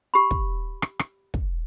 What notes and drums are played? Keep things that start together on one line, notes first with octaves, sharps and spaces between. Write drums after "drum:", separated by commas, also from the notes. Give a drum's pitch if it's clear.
G4 B5
drum: kick
drum: rim click
drum: rim click
drum: kick